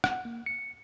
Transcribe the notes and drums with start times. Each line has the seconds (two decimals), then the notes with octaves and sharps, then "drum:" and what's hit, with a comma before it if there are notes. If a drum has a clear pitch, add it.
0.04 F#5, drum: rim click
0.25 A#3
0.46 C#7